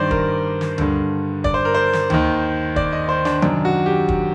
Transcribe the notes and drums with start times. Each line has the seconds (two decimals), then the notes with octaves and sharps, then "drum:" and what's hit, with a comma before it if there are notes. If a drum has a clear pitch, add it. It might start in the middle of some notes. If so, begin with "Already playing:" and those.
Already playing: G2 D#3 C5 D5
0.11 A#4, drum: kick
0.61 drum: snare
0.78 G2 D3, drum: tom D2
1.44 D5, drum: kick
1.54 C5
1.65 A#4
1.74 C5
1.93 drum: snare
2.10 D#2 D#3, drum: tom D2
2.76 D5, drum: kick
2.92 D#5
3.09 C5
3.25 D4, drum: snare
3.42 F#2 D#3 D4, drum: tom C3
3.65 F#4
3.86 G4
4.09 drum: kick